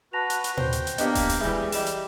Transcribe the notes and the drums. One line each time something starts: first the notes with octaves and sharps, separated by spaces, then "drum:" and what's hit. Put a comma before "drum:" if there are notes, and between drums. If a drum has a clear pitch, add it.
F#4 B4 A5 A#6 F7
drum: hi-hat
drum: hi-hat
C5 G5, drum: tom A#2
drum: hi-hat
drum: hi-hat
A#3 B3 D4 G4 D#5, drum: hi-hat
drum: kick D#1, open hi-hat
drum: open hi-hat
E3 G3 G#3 E5
G3 D#5 E7, drum: open hi-hat
drum: hi-hat